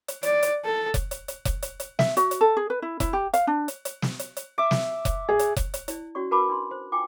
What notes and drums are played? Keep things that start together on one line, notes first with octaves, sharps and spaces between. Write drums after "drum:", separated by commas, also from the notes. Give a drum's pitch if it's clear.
drum: hi-hat
D5, drum: hi-hat
drum: hi-hat
A4
drum: kick F1, hi-hat
drum: hi-hat
drum: hi-hat
drum: kick F1, hi-hat
drum: hi-hat
drum: hi-hat
E5, drum: snare
F#4, drum: hi-hat
drum: hi-hat
A4
G#4
B4
E4
E4, drum: kick F1, hi-hat
G4
F5, drum: hi-hat
D4
drum: hi-hat
drum: hi-hat
drum: snare
drum: hi-hat
drum: hi-hat
E5 D6
drum: snare
drum: kick F1, hi-hat
G#4
drum: hi-hat
drum: kick F1, hi-hat
drum: hi-hat
E4 D5, drum: hi-hat
C#4 F#4 C#5 D5 C#6
F#4 A#4 B4 A5 B5 D6
D4 C6
C5
F4 G5 G#5 D6